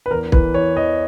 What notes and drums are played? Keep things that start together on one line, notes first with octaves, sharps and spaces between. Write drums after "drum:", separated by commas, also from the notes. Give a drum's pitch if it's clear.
B4
E2 A#4
E3 B4, drum: kick
E3 C#5
E2 D#5